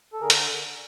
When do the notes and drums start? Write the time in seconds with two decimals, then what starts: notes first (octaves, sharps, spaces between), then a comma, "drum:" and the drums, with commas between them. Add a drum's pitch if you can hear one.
0.13 A4
0.21 D3 G#4 A#4
0.30 drum: hi-hat